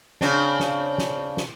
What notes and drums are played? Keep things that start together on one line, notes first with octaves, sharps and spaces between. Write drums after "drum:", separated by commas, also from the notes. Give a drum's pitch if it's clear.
C#3 C4 D4, drum: snare
drum: snare
drum: snare
drum: snare